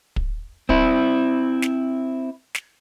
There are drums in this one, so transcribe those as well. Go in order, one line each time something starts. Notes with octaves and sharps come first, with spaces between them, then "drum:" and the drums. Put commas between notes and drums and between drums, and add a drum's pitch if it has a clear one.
drum: kick
C4 E4, drum: kick
drum: snare
drum: snare